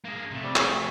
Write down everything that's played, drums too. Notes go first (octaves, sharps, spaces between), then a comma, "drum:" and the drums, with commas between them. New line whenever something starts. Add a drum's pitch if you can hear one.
A#3 G#4
C3 A3
G3 C4 G4
C4 G#4, drum: clap
F#4